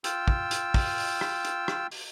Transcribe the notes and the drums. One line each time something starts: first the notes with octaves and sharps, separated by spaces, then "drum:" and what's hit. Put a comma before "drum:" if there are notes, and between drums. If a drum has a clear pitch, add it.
F4 G5 E6, drum: hi-hat
drum: kick
drum: hi-hat
drum: kick, open hi-hat
drum: open hi-hat
drum: rim click
drum: hi-hat
drum: rim click
drum: open hi-hat